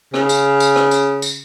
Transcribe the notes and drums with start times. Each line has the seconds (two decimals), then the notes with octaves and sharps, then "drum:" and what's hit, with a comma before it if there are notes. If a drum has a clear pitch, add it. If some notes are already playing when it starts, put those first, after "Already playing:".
0.14 C#3, drum: rim click
0.29 drum: tambourine
0.60 drum: tambourine
0.76 drum: rim click
0.91 drum: tambourine
1.22 drum: tambourine